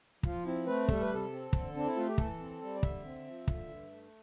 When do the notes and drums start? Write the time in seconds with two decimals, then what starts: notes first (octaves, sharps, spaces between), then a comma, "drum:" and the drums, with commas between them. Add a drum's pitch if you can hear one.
0.23 F3 F4, drum: kick
0.45 C4 E4
0.67 A3 B4
0.88 G3 A4, drum: kick
1.01 B4
1.10 C3 A4
1.32 C4
1.53 D3, drum: kick
1.75 C4 D4
1.86 E4
1.96 A3 F4
2.08 G4
2.18 E3 A4, drum: kick
2.39 C4
2.62 G3
2.75 D5
2.83 D3 E5, drum: kick
3.04 C4
3.26 F3
3.48 D3, drum: kick
3.69 G2
3.90 A3